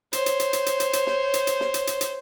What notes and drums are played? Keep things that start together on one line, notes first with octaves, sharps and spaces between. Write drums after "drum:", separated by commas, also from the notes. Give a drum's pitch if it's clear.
C5 C#5, drum: hi-hat
drum: hi-hat
drum: hi-hat
drum: hi-hat
drum: hi-hat
drum: hi-hat
drum: hi-hat
drum: snare
drum: hi-hat
drum: hi-hat
drum: snare
drum: hi-hat
drum: hi-hat
drum: hi-hat